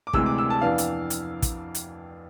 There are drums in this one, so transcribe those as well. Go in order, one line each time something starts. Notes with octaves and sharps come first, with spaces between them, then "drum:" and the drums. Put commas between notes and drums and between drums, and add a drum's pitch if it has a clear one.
D6
D2 C3 E3 G#3 E6, drum: kick
D6
E6
A5
F2 E3 B3 D4 F5
drum: hi-hat
drum: hi-hat
drum: kick, hi-hat
drum: hi-hat